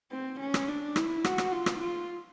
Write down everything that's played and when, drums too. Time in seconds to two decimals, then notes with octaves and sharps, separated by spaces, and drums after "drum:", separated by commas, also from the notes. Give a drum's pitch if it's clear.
0.11 C4
0.40 C#4
0.54 drum: rim click
0.68 D4
0.96 E4, drum: rim click
1.24 F#4, drum: rim click
1.38 drum: rim click
1.52 F4
1.66 drum: rim click
1.81 F4